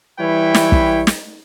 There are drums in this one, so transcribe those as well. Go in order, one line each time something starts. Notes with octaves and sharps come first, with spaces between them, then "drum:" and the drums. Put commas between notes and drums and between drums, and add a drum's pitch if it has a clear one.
E3 G3 E4 B4 C#5 G5
drum: snare
drum: kick
drum: snare